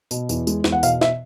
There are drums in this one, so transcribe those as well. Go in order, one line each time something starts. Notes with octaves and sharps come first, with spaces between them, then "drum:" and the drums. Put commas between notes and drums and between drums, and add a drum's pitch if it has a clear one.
B2, drum: tambourine
E2, drum: tambourine
G#3, drum: tambourine
E2, drum: snare
F#5
B2 F5, drum: tambourine
E5, drum: snare